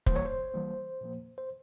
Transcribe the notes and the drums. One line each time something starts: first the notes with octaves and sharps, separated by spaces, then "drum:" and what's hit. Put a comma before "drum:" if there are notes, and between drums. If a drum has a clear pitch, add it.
E3 G3 A#3 C5, drum: kick
C#5
C5
E3 G3 A#3
A#2 F3 A#3
C5